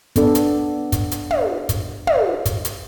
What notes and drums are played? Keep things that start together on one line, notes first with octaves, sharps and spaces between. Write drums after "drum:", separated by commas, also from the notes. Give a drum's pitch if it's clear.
B3 D4 A4 D5, drum: kick, hi-hat
drum: hi-hat
drum: kick, hi-hat
drum: hi-hat
drum: tom
drum: kick, hi-hat
drum: tom
drum: kick, hi-hat
drum: hi-hat